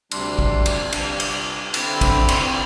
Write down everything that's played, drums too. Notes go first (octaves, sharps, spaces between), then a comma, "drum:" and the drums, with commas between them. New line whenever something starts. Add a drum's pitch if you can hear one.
D2 C3 G3 D4 C6, drum: cymbal
drum: kick
drum: cymbal
C3 G3 D4, drum: cymbal
drum: cymbal
D3 C4 E4, drum: cymbal
E6
D6, drum: kick, cymbal
C6, drum: cymbal